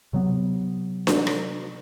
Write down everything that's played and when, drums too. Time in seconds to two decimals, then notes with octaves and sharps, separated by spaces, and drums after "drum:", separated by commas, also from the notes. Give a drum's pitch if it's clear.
0.13 C3 F#3 B3
1.07 drum: snare
1.27 drum: rim click